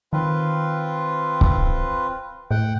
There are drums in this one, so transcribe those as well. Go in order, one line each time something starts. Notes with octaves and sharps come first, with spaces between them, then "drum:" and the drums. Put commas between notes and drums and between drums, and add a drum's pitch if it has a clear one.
D#3 C4 F4 B4
drum: kick C#1
A2 F#5 G5